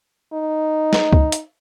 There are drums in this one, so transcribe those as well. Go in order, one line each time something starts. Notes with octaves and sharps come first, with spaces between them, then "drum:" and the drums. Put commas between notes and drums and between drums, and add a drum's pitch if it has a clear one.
D#4
drum: snare
drum: kick C#2
drum: hi-hat